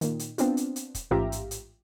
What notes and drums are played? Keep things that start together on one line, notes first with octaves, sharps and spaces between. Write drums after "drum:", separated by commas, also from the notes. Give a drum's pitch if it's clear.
A#2 D#3, drum: hi-hat
drum: hi-hat
B3 C4 D4 F4, drum: hi-hat
drum: hi-hat
drum: hi-hat
drum: kick, hi-hat
A1 G#2 F4 G4 E5 A#5
drum: hi-hat
drum: hi-hat